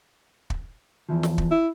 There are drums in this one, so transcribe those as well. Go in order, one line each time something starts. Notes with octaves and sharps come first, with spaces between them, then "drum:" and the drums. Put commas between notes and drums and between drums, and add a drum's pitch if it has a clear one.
drum: kick
E2 E3 F3
drum: snare
drum: kick
E4